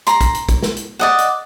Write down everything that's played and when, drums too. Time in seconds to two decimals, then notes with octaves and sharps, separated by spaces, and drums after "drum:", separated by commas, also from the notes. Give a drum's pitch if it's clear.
0.07 A#5 C6, drum: hi-hat
0.21 drum: kick, hi-hat
0.35 drum: hi-hat
0.49 drum: kick, hi-hat
0.63 drum: snare
0.77 drum: hi-hat
0.99 D5 D#5 F#5
1.18 drum: hi-hat